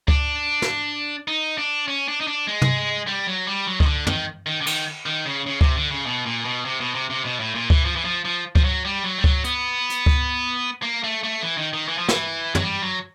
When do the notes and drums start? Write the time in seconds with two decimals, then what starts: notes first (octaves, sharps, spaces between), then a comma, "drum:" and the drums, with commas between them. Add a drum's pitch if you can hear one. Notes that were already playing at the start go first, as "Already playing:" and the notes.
0.08 D4, drum: kick C#2
0.62 drum: snare
1.28 D#4
1.58 D4
1.88 C#4
2.08 D4
2.21 D#4
2.27 D4
2.47 G#3
2.62 drum: tom
3.07 G3
3.27 F#3
3.47 G3
3.67 F#3
3.80 D#3, drum: kick C#2
3.86 D3
4.07 D#3, drum: tom
4.46 D#3
4.61 D3
4.66 D#3, drum: cymbal
5.06 D#3
5.25 C#3
5.46 C#3
5.61 C3, drum: kick C#2
5.76 D3
5.91 C#3
6.06 B2
6.26 A#2
6.45 B2
6.65 C3
6.80 B2
6.95 C3
7.10 C3
7.25 B2
7.40 A2
7.55 A#2
7.70 E3, drum: kick C#2
7.85 F3
7.96 E3
8.05 F3
8.25 F3
8.55 F3, drum: kick C#2
8.64 F#3
8.85 G3
9.04 F#3
9.18 G3
9.24 F#3, drum: kick C#2
9.44 B3, drum: hi-hat
9.90 drum: hi-hat
10.06 drum: kick C#2
10.83 A#3
11.04 A3
11.23 A3
11.42 E3
11.58 D#3
11.73 D#3
11.88 E3
11.98 F3
12.09 E3, drum: snare
12.55 F#3, drum: tom
12.63 G3
12.82 F#3